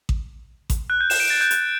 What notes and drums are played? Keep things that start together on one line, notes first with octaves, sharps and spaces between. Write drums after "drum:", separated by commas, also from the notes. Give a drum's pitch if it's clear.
drum: kick A1
drum: kick A1, hi-hat
F#6
G6
E7, drum: open hi-hat
D7
A6
G6
drum: hi-hat